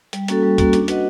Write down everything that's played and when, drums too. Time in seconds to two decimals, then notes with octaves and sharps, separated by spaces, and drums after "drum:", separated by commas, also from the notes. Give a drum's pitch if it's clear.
0.13 G3, drum: hi-hat
0.28 A#3 C#4 F#4 A4, drum: hi-hat
0.43 G3
0.58 A#3 C#4 F#4 A4, drum: kick, hi-hat
0.73 D4, drum: hi-hat
0.88 F#4 B4 D#5 F#5, drum: hi-hat